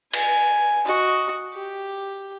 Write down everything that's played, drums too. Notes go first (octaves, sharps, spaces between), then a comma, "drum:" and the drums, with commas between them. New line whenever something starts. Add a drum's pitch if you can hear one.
G#5, drum: cymbal
F#4 D#5
G4